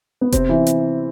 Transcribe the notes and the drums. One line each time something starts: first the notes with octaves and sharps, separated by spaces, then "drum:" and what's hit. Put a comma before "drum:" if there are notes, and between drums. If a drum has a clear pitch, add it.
B3
C3 C4, drum: kick F1, hi-hat
E3 E4
drum: hi-hat